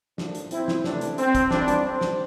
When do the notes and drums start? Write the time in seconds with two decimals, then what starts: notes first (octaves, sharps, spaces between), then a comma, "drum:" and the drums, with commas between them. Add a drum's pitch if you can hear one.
0.18 A2 F3 A#3 D4, drum: snare
0.35 drum: hi-hat
0.51 C4 E4, drum: hi-hat
0.68 drum: snare
0.84 E2 C3 E3 A3 C4 D4, drum: snare
1.01 drum: hi-hat
1.18 C4, drum: hi-hat
1.35 drum: kick, hi-hat
1.51 F2 E3 G3 C4 D4, drum: snare
1.68 drum: hi-hat
1.85 C4
2.01 drum: snare